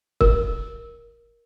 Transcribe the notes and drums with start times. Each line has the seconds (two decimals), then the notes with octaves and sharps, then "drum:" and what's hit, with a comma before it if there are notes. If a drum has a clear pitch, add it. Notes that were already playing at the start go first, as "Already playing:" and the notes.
0.21 A#4, drum: kick